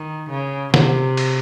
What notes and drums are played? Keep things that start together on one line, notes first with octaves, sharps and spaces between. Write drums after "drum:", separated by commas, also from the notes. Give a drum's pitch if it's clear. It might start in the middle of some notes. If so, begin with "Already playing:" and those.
Already playing: D#3
C#3
C3, drum: snare
drum: cymbal